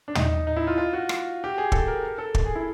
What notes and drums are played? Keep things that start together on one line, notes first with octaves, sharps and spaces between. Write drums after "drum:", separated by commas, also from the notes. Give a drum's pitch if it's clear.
D4
D#4, drum: tom
D#4
E4
F4
F4
F#4
drum: rim click
G4
G#4
A4, drum: kick
A#4
A#4
A4
drum: kick
G#4
E4